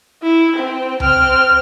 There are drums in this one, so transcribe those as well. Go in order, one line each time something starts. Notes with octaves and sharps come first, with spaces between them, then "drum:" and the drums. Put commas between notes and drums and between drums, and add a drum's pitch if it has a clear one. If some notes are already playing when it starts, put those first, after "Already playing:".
E4
C4
C4 F6, drum: tom C#2